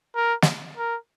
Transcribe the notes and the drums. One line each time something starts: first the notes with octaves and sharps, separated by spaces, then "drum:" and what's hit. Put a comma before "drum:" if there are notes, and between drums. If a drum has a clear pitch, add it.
A#4
drum: snare
A#4